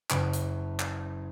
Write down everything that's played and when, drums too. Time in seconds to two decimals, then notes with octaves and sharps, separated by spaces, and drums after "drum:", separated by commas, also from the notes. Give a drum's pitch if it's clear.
0.10 F#1 D7, drum: clap
0.33 drum: hi-hat
0.80 drum: clap